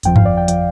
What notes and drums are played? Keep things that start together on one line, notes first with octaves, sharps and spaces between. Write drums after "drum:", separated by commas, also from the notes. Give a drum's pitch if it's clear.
G1 F2 F3 G5, drum: hi-hat
F5, drum: tom G2
D5
G5
F3 G5, drum: hi-hat